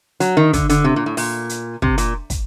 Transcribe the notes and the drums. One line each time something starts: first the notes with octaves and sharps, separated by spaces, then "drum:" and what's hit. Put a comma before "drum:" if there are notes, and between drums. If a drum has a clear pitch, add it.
F#3, drum: hi-hat
D#3
D3, drum: kick, hi-hat
D3, drum: hi-hat
C3
A#2
A2
A#2, drum: open hi-hat
drum: hi-hat
C3, drum: kick
A#2, drum: hi-hat
drum: kick, hi-hat